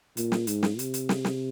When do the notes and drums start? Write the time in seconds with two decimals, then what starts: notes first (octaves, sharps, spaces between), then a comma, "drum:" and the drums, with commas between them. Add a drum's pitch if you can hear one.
0.17 A#2, drum: hi-hat
0.32 drum: snare
0.47 G#2, drum: hi-hat
0.63 drum: snare
0.79 C3, drum: hi-hat
0.94 drum: hi-hat
1.09 drum: snare
1.25 drum: snare